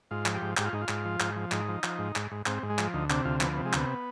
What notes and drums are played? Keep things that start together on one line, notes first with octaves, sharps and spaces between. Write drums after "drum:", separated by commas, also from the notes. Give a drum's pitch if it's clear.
G#2 F4
F3, drum: clap
G4
G#2
G#2 G4, drum: clap
F4
G#2 D#4
F4
G#2, drum: clap
F3
G#2, drum: clap
F3
G#2 D#4, drum: clap
F3
F3, drum: clap
G#2
G#2, drum: clap
G#2
G#2 C4, drum: clap
G#2
G#3
F3, drum: clap
D2 D#4
C3 D4, drum: clap
D2 F4
F3 B3, drum: clap
B3
C3
G#3
D2 B3, drum: clap